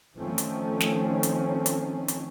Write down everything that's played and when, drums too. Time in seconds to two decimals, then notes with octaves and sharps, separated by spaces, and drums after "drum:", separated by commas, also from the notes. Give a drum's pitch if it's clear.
0.17 D#3 F3 A3 C4 C#4
0.38 drum: hi-hat
0.80 drum: snare
1.23 drum: hi-hat
1.66 drum: hi-hat
2.08 drum: hi-hat